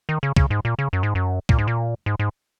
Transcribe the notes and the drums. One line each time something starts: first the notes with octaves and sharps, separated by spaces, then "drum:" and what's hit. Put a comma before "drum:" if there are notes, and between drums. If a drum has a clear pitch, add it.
D#3
C#3
C#3, drum: kick
G#2
A#2
C#3
F#2
G#2
F#2
A#2, drum: kick
G#2
A#2
G#2
G#2